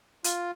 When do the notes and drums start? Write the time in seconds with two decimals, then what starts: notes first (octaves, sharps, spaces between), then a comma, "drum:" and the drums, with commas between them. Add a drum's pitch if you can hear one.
0.24 F4, drum: hi-hat